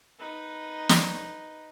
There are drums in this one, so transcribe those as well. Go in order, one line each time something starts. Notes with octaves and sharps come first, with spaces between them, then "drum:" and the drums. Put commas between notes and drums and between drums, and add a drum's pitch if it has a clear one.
D#4 B4
drum: snare